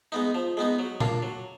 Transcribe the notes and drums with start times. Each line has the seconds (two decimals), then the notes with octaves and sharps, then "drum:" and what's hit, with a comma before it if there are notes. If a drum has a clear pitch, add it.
0.12 G#3 B3 D#4
0.35 F3
0.57 G#3 B3 D#4
0.79 F#3
1.00 A#3 D4 F4, drum: tom A#2
1.22 F#3